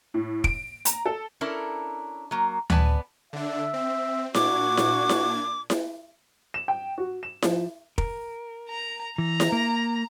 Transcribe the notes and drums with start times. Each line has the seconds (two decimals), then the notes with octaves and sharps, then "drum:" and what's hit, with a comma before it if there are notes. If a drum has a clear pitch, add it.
0.14 A2
0.44 D7, drum: kick F1
0.85 A#5, drum: hi-hat
1.06 A4
1.41 C#4 D4 E4 A4 A#4
2.31 F#3 A#3
2.70 B3 B4 D5 G#5 A5, drum: tom D2
3.33 D3 D4 E5
3.74 C4
4.34 A#2 D4 F#4 D6 G#6, drum: snare E4
4.77 drum: snare E4
5.09 drum: snare E4
5.70 drum: snare E4
6.54 E7
6.68 G5
6.98 F#4
7.23 E7
7.42 F3, drum: snare E4
7.98 A#4, drum: kick F1
8.69 A#5
9.18 E3 A#5
9.40 drum: snare E4
9.52 A#3